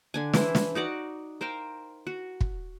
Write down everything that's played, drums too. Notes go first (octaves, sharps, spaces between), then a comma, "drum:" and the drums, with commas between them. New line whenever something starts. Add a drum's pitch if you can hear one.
D3 D4 G#5
E3 E4 C5, drum: snare
drum: snare
D#4 F#4 D5 F#5
A#4 C5 F5 G5
F#4
drum: kick